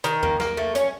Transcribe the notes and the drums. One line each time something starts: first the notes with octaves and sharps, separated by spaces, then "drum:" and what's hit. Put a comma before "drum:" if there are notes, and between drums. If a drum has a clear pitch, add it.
D#3, drum: hi-hat
A#3, drum: tom E2
A#3, drum: snare
A3
C#4, drum: hi-hat